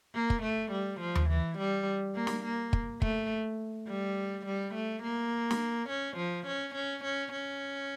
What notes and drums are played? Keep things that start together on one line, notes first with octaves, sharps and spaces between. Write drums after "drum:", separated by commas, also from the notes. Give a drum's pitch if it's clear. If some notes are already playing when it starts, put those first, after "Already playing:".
A#3
drum: kick
A3
G3
F3
drum: tom D#2
E3
G3
A#3
drum: snare
A#3
drum: kick
A3, drum: kick
G3
G3
A3
A#3
drum: snare
C#4
F3
C#4
C#4
C#4
C#4